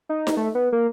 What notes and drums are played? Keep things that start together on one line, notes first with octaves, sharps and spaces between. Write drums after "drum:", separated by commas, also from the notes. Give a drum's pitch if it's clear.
D#4
drum: snare D#4
A3
B3
A#3